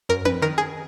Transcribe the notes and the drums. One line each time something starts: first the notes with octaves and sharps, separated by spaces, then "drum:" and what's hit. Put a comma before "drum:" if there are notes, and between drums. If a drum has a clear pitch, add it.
F#2 A#4
B4, drum: tom C4
D#3 A#4
G#4